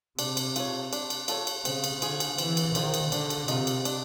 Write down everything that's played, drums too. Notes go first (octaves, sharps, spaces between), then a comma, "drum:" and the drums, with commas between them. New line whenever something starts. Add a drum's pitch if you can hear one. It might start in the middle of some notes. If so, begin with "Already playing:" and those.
C3 D4, drum: cymbal
drum: cymbal
F4 A4 C#5, drum: cymbal
D4, drum: cymbal
drum: cymbal
F4 A4 C#5, drum: cymbal
drum: cymbal
C#3 C4, drum: cymbal
drum: cymbal
D3 F4 G#4 C5, drum: cymbal
drum: cymbal
E3 C4, drum: cymbal
drum: cymbal
D#3 F4 G#4 C5, drum: cymbal
drum: cymbal
D3 D4, drum: cymbal
drum: cymbal
C3 F4 A#4 D#5, drum: cymbal
drum: cymbal
D4, drum: cymbal